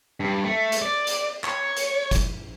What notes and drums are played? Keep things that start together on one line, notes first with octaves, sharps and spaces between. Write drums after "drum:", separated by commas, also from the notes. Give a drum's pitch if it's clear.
G2
A3
drum: hi-hat
D5
drum: hi-hat
C#5, drum: clap
drum: hi-hat
drum: kick F#1, hi-hat